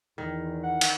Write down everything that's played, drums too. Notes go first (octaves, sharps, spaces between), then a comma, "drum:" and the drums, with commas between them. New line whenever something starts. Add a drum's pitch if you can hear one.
E2 D#3
F#5
drum: cymbal